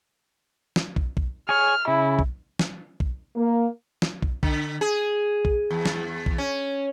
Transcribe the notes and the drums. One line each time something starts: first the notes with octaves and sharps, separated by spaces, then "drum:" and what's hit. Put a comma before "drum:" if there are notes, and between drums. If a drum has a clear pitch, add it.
drum: snare
drum: kick
drum: kick
G#4 C#5 F6
C#3 E4
drum: kick
drum: snare
drum: kick
A#3
drum: snare
drum: kick
D3, drum: kick
G#4
drum: kick
E2
drum: snare
drum: kick
C#4